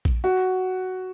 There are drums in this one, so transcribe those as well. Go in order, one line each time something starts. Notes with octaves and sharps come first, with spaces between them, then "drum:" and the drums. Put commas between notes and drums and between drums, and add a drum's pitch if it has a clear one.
drum: kick A#1
F#4